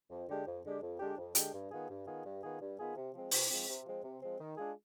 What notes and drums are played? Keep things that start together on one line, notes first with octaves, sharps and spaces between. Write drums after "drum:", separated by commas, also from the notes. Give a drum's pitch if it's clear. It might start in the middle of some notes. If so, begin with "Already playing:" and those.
F2
D3 G#3 D4 G4
F2
D3 G#3 D4 G4
F2
D3 G#3 D4 G4
F2
D3 G#3 D4 G4, drum: hi-hat
G2
D#3 B3 F4 G#4
G2
D#3 B3 F4 G#4
G2
D#3 B3 F4 G#4
G2
D#3 B3 F4 G#4
C3
F3 G#3 C4
C3, drum: open hi-hat
F3 G#3 C4
C3
F3 G#3 C4
C3
F3 G#3 C4
D#3
G#3 D4 F4 G#4